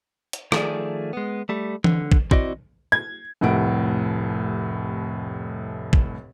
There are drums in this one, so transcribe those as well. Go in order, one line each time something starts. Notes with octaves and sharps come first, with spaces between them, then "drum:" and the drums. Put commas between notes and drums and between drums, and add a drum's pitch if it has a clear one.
drum: hi-hat
D#3 F3 A3 C#4 G#4 D5, drum: rim click
G#3 B3
G3 A3
D3, drum: tom E3
drum: kick
C4 E4 F#4 D5 D#5, drum: kick
G#6
F1 C2 A2 F#5 D7
drum: kick